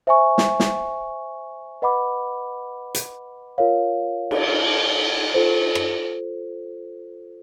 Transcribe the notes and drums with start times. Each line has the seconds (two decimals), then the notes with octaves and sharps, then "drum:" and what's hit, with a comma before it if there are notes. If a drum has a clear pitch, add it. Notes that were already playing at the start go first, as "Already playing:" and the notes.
0.07 C5 E5 G#5 C#6
0.38 drum: snare
0.60 drum: snare
1.82 B4 D#5 F#5 B5 D6
2.95 drum: hi-hat
3.58 F4 A#4 C#5 F5
4.31 drum: cymbal
5.34 F4 A4 C5
5.75 drum: rim click